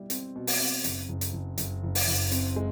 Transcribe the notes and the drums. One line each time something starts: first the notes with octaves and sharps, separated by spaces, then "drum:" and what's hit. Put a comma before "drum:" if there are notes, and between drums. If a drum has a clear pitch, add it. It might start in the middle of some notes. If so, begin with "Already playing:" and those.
Already playing: B2 G3 E4
C4, drum: hi-hat
B2
drum: open hi-hat
C4
F#1, drum: hi-hat
F#1
drum: hi-hat
F#1
F#1, drum: hi-hat
F#1
drum: open hi-hat
F#1
C4, drum: hi-hat
G#3